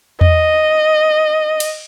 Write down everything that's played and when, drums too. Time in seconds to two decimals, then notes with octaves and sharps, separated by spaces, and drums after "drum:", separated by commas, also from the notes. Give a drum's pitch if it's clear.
0.21 D#5, drum: tom E2
1.60 drum: cymbal